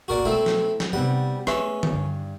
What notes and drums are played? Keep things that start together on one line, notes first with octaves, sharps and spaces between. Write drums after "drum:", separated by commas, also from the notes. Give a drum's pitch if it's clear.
F#1 A#2 F#4 A#4 D5
B2 A3 C4 E4
drum: snare
drum: snare
C3 G3 B3 C4 D#4 F#5
G#3 A3 C4 C#4 B4 E5, drum: rim click
drum: tom D3
G2 D#3 E4